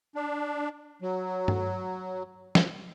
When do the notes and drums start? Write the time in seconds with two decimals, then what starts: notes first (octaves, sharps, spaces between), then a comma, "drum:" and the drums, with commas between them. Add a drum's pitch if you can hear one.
0.15 D4
1.02 F#3
1.48 drum: tom G2
2.55 drum: snare